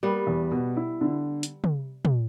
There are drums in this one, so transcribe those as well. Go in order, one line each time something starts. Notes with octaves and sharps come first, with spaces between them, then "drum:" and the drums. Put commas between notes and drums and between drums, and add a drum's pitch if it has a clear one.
G3 A#3 B3
E2
B2
E4
D3
drum: hi-hat
drum: tom
drum: tom